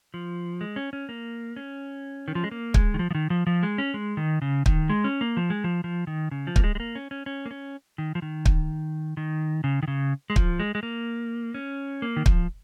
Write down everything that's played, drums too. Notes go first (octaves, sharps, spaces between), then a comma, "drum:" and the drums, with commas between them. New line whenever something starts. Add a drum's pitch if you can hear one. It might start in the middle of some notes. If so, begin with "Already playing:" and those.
F3
G#3
C#4
C#4
A#3
C#4
D#3
F3
G#3
A#3
G#3, drum: kick
D#3
F3
F3
D#3
F3
F3
G#3
C#4
G#3
D#3
C#3
D#3, drum: kick
G#3
C#4
A#3
F3
G#3
F3
F3
D#3
C#3
F3
A#3, drum: kick
G#3
G#3
A#3
C#4
C#4
C#4
A#3
C#4
D#3
F3
D#3
drum: kick
D#3
C#3
D#3
C#3
G#3
F3, drum: kick
G#3
G#3
A#3
C#4
A#3
D#3
F3, drum: kick